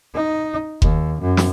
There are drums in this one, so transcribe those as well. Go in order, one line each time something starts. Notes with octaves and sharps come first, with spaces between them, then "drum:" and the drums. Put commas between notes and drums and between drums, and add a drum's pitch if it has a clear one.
D#4
D#2, drum: kick F1
F#2
drum: snare